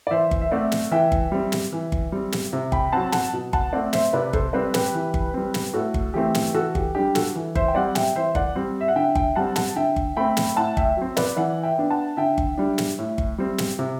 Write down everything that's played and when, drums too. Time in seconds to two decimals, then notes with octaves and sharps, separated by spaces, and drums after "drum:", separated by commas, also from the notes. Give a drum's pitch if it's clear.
0.07 D5
0.11 E3 C5 E5
0.31 drum: kick G1
0.41 E5
0.51 A3 C4 D5 F#5
0.72 drum: snare
0.92 E3 E5 G5
1.12 drum: kick G1
1.32 G3 C4
1.52 drum: snare
1.73 E3
1.92 drum: kick G1
2.12 G3 C4
2.32 drum: snare
2.53 C3
2.72 G5 B5, drum: kick G1
2.92 F#3 C4 F#5 A5
3.12 F#5 A5, drum: snare
3.33 B2
3.53 F#5 A5, drum: kick G1
3.73 A3 C4 D5 F#5
3.93 C5 E5, drum: snare
4.13 C3 B4 D5
4.33 A4 C5, drum: kick G1
4.53 G3 C4 B4 D5
4.74 G4 B4, drum: snare
4.94 E3
5.14 drum: kick G1
5.34 G3 C4
5.54 drum: snare
5.74 A2 F#4 A4
5.94 drum: kick G1
6.14 E3 A3 C4 G4
6.35 drum: snare
6.54 E3 F#4 A4
6.75 G4, drum: kick G1
6.95 G3 D4 G4
7.15 F#4 A4, drum: snare
7.35 E3
7.55 C5 E5, drum: kick G1
7.68 G5
7.75 G3 C4 D5 F#5
7.95 E5 G5, drum: snare
8.15 E3 C5 E5
8.35 D5 F#5, drum: kick G1
8.55 G3 C4
8.81 E5
8.88 F#5
8.96 D3 E5 G5
9.15 E5 G5, drum: kick G1
9.35 G3 C4 F#5 A5
9.56 F#5 A5, drum: snare
9.76 D3 E5 G5
9.96 drum: kick G1
10.17 A3 C4 G5 B5
10.37 drum: snare
10.56 A2 F#5 A5
10.77 E5 G5, drum: kick G1
10.97 F#3 C4
11.17 B4 D5, drum: snare
11.37 E3 D5 F#5
11.63 E5 G5
11.78 B3 D4
11.90 F#5 A5
12.17 D3 E5 G5
12.38 drum: kick G1
12.57 G3 D4
12.78 drum: snare
12.99 A2
13.18 drum: kick G1
13.38 G3 C4
13.58 drum: snare
13.79 C3